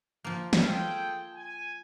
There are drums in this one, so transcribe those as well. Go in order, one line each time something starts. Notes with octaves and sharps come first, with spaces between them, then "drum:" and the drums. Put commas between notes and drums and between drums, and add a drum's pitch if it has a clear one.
F3 A#3
drum: snare
F4 G#4 A4 G5
G#5